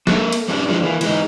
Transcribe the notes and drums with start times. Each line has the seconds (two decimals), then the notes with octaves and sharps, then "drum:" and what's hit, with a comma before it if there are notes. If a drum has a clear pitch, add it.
0.07 A#3 A4 A#4, drum: snare
0.33 drum: cymbal
0.48 G3 C#4 D4 G4
0.68 F2 E3 F3 G#3 D4
0.82 E3 A#3
1.01 E3 G#3 D#4, drum: cymbal